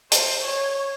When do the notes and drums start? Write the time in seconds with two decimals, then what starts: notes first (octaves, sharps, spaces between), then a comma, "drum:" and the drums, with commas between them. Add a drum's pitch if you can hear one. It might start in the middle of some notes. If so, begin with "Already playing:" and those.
0.12 C5, drum: hi-hat
0.45 C#5